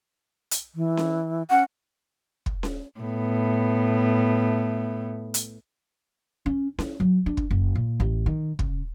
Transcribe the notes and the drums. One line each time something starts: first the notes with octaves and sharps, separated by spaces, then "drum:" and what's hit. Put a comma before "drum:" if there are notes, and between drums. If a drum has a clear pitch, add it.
drum: hi-hat
E3
drum: snare C#4
C#4 F#5
drum: kick
drum: snare C#4
A2 B3
drum: hi-hat
C#4
E4, drum: snare C#4
F#3
D4
drum: kick
F#1
A#2
A1
D#3
C#3, drum: kick